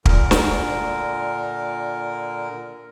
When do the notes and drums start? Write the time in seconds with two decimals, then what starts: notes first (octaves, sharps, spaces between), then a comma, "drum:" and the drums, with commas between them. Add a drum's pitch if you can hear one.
0.05 A#2 D3 A#4, drum: kick
0.31 drum: snare